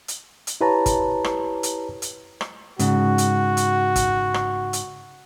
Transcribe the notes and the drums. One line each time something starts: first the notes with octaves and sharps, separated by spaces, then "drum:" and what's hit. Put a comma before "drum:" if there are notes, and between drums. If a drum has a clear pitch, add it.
drum: hi-hat
drum: hi-hat
E4 G4 B4 C#5 A5 A#5
drum: kick, hi-hat
drum: rim click
drum: hi-hat
drum: hi-hat
drum: rim click
G#2 C#3 F#4, drum: hi-hat
drum: hi-hat
drum: hi-hat
drum: kick, hi-hat
drum: rim click
drum: hi-hat